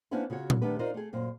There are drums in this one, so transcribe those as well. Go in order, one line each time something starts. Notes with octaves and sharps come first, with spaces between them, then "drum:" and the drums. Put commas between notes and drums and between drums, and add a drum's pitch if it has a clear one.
A#3 B3 C#4 D4 E4 C5
C#3 F4 F#4 C#5
drum: tom A#2
D#3 A3 B3 D4 G4 B4
D#4 F4 A#4 C5 D5 D#5
A3 G#4
F#2 A#2 C5